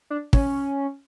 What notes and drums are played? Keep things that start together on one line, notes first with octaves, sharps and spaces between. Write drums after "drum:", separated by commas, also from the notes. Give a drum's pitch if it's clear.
D4
C#4, drum: kick